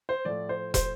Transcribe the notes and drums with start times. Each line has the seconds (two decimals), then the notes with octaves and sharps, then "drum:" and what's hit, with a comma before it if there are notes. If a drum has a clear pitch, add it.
0.09 C5
0.25 A2 F3 D5
0.49 C5
0.74 C5, drum: kick, hi-hat